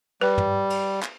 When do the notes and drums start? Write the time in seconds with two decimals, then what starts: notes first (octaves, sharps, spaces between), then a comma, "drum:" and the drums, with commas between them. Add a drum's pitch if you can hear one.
0.21 G3 B4
0.38 drum: tom
0.70 drum: cymbal
1.03 drum: clap